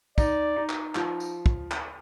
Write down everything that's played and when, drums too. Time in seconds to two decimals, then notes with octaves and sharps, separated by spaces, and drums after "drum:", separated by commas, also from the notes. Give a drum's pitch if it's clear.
0.18 D#4 D5, drum: kick, tambourine
0.56 D#4
0.69 drum: clap
0.95 F3, drum: clap
1.20 drum: tambourine
1.46 drum: kick
1.71 drum: clap